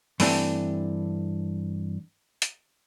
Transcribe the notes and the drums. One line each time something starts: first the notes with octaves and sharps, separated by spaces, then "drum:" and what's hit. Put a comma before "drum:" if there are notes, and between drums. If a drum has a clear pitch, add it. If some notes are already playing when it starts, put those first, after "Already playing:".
G2 E3 A3 C4 D4, drum: open hi-hat
drum: hi-hat